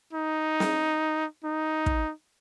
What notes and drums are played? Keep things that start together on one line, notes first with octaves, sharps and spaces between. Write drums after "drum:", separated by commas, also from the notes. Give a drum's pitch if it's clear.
D#4
drum: snare
D#4
drum: kick